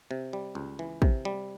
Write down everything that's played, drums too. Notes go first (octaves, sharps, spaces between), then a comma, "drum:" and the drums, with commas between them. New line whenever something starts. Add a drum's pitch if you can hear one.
C3
G3
C#2
E3
C3, drum: kick
G3